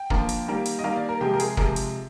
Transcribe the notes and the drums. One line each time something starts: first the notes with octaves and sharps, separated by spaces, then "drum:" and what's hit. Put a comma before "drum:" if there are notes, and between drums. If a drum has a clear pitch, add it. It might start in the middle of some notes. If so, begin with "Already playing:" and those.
Already playing: G5
D3 F3 A#3, drum: kick
drum: hi-hat
D#3 G3 A#3
drum: hi-hat
D#5
D#3 G3 A#3 F5
D5
A#4
C3 F3 G#3 G4
A#4
G#4, drum: hi-hat
C3 F3 G#3 A#4, drum: kick
drum: hi-hat